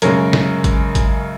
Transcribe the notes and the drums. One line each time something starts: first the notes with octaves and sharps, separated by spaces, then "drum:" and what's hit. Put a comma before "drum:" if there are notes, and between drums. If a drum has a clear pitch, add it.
F#2 C#3 G#3 A#4 C#5, drum: hi-hat
drum: snare
drum: kick A1, hi-hat
drum: kick A1, hi-hat